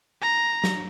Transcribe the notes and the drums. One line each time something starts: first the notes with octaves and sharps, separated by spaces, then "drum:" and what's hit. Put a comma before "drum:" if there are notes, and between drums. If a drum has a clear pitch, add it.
A#5
drum: snare